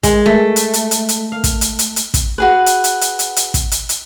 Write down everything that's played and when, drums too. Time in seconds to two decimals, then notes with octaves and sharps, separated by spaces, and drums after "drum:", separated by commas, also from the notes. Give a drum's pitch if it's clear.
0.03 G#3, drum: kick, hi-hat
0.26 A3
0.56 drum: hi-hat
0.73 drum: hi-hat
0.91 drum: hi-hat
1.09 drum: hi-hat
1.32 F5
1.44 drum: kick, hi-hat
1.61 drum: hi-hat
1.79 drum: hi-hat
1.96 drum: hi-hat
2.14 drum: kick, hi-hat
2.38 F#4 G#4 B4
2.66 drum: hi-hat
2.84 drum: hi-hat
3.01 drum: hi-hat
3.19 drum: hi-hat
3.36 drum: hi-hat
3.54 drum: kick, hi-hat
3.71 drum: hi-hat
3.89 drum: hi-hat